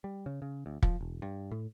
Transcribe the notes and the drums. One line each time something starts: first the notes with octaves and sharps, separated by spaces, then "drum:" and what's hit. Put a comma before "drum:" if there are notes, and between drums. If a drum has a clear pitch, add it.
G3
C#3
C#3
D2
F3, drum: kick
E1
G2
A2